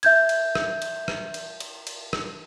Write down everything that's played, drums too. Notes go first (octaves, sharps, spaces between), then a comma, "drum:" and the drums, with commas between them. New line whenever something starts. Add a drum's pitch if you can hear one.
E5 G6 G#6, drum: cymbal
drum: cymbal
drum: rim click
drum: cymbal
drum: rim click
drum: cymbal
drum: cymbal
drum: cymbal
drum: rim click